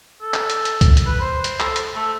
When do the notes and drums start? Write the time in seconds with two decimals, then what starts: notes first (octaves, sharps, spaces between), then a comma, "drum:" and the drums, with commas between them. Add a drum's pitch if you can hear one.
0.22 A4
0.34 drum: clap
0.50 drum: hi-hat
0.65 drum: hi-hat
0.81 drum: kick C2, hi-hat
0.97 drum: hi-hat
1.06 B4
1.21 C5
1.44 drum: hi-hat
1.60 A4, drum: clap
1.76 drum: hi-hat
1.95 A3